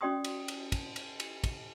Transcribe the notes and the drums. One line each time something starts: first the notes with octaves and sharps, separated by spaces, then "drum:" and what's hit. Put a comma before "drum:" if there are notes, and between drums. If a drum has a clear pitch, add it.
C#4 F#4 D5 G5 C6 D#6
drum: cymbal
drum: cymbal
drum: kick, cymbal
drum: cymbal
drum: cymbal
drum: kick, cymbal